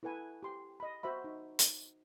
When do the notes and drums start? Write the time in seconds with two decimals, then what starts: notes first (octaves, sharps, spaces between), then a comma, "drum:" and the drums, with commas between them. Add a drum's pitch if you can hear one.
0.03 E4 A4 B4 F#5 G#5
0.43 G4 C6
0.80 D#5 B5
1.03 F#4 C5 E5 B5
1.24 D#4
1.59 drum: hi-hat